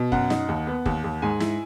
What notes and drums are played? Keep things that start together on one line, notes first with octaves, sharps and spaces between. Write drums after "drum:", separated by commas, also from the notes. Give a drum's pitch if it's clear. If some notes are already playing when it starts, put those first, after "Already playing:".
Already playing: B2
F#2 F#5, drum: kick
D#4, drum: snare
D#2
B3
D#2, drum: kick
D#2
G#2 G#5
E4, drum: snare